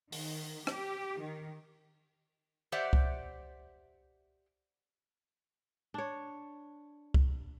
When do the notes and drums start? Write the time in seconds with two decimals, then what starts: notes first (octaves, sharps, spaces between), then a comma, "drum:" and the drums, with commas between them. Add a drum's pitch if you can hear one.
0.12 D#3, drum: open hi-hat
0.67 G4, drum: rim click
1.20 D#3
2.72 G4 C5 D5 E5 F#5
2.93 drum: kick C2
5.94 D4 C#5
7.14 drum: kick C2